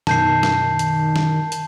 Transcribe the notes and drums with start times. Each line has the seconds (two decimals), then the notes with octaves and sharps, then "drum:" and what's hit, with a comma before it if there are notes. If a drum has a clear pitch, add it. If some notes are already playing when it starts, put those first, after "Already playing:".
0.07 F#2 B2 D#3 A5 G6 C7, drum: snare
0.43 drum: snare
0.79 drum: hi-hat
1.16 drum: snare
1.52 drum: hi-hat